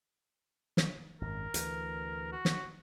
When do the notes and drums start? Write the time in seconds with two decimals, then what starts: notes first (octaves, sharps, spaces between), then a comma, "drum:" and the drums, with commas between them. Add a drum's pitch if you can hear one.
0.77 drum: snare
1.21 G#1 F#2 A#4
1.54 D2 E3, drum: hi-hat
2.32 F#4
2.45 drum: snare